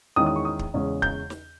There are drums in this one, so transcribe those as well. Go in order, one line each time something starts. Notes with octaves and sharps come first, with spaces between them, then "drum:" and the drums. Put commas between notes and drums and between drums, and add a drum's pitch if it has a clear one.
E2 D#3 G#3 C#4 E4 D#6
D#6
C#6
D#6
drum: kick
E2 C#3 G#3 C#4
G6, drum: kick
drum: snare